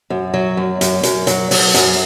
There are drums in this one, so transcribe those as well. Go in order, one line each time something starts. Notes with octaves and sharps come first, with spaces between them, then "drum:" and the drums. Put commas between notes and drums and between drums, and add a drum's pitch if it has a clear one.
F#2
F#3
F#2
F#2, drum: hi-hat
F#2, drum: hi-hat
F#3, drum: hi-hat
F#3, drum: open hi-hat
F#2, drum: hi-hat